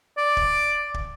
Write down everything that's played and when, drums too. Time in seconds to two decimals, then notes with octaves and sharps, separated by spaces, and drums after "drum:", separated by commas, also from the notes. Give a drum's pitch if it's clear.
0.18 D5
0.37 drum: kick
0.94 drum: kick